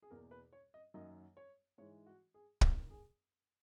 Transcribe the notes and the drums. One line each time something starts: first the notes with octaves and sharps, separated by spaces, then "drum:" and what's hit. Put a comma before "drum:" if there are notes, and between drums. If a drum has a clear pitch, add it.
G#4
E2 B2 A#3 A#4
B4
C#5
D#5
F#2 D#3 F#3 A#3 D#5
C#5
G#2 E3 G#3 C#5
F#4
G#4
F#2 D#3 A#3, drum: kick
G#4